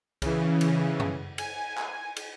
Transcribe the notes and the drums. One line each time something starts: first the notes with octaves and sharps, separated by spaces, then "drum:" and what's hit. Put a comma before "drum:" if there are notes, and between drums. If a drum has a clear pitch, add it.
C#3 E3, drum: kick C2, cymbal
drum: cymbal
drum: tom F#2
G#5, drum: cymbal
drum: clap
drum: cymbal